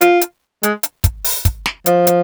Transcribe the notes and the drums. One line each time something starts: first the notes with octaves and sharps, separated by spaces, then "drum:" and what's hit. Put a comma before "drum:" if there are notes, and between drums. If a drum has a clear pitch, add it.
F4, drum: hi-hat
drum: hi-hat
G#3, drum: hi-hat
drum: hi-hat
drum: kick, hi-hat
drum: open hi-hat
drum: kick, hi-hat
drum: snare
F3, drum: hi-hat
drum: hi-hat